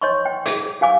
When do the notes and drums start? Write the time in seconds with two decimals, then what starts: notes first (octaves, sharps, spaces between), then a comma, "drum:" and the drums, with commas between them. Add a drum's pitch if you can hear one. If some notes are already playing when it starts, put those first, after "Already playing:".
0.02 C#5 D#5 C6 C#6
0.25 G5
0.46 G#4 D6, drum: hi-hat
0.81 G4 F5 G#5 D6